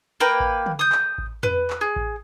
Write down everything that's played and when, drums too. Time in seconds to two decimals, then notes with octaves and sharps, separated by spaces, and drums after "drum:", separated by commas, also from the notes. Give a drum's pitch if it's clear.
0.20 A#3 B4 G5 A#5
0.40 drum: kick A1
0.66 drum: tom
0.79 D#6 G6
0.92 drum: clap
1.18 drum: kick A1
1.43 B4, drum: tom
1.70 drum: clap
1.81 G#4
1.96 drum: kick A1